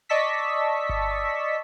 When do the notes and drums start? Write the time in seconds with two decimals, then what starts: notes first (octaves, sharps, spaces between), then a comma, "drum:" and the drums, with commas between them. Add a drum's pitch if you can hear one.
0.09 D5 D#5 A5 C#6 E6 B6
0.89 drum: kick G1